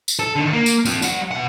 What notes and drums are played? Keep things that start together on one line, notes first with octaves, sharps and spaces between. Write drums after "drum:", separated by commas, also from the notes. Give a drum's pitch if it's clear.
drum: tambourine
A4
D3 D#3
A#3
drum: tambourine
C4 F4, drum: tambourine
G3 F#5, drum: tambourine
B2 F#5